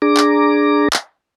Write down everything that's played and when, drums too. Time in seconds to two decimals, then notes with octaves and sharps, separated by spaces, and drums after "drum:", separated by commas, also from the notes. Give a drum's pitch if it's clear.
0.02 D4 G#4 A#5 D6
0.17 drum: clap
0.93 drum: clap